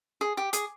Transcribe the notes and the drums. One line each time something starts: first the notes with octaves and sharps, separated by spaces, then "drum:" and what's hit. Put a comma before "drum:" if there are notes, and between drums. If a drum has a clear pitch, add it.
G#4
G4
G#4, drum: hi-hat